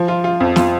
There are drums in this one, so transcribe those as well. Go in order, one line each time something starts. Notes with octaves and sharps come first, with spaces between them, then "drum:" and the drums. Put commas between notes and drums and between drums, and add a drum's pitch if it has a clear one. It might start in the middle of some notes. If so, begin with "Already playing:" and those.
Already playing: F3
F4
F4
F2
F4, drum: snare